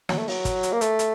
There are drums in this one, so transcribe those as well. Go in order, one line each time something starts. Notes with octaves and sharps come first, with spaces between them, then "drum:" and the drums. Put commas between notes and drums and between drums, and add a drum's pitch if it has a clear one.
F#3, drum: snare
A3
F#3, drum: open hi-hat
drum: kick, hi-hat
drum: hi-hat
A#3
A3, drum: hi-hat
drum: hi-hat